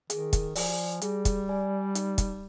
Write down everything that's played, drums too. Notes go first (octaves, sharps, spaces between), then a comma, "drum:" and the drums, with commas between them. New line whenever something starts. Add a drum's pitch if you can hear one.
D#3 G#4, drum: hi-hat
drum: kick, hi-hat
F3 D5 G#5, drum: open hi-hat
G3 G#4, drum: hi-hat
drum: kick, hi-hat
D5 G#5
D#4, drum: hi-hat
drum: kick, hi-hat